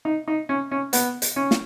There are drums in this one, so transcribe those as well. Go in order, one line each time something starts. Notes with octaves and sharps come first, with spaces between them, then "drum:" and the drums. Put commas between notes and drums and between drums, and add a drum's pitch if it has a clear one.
D#4
D#4
C#4
C#4
B3, drum: hi-hat
drum: hi-hat
C#4
drum: snare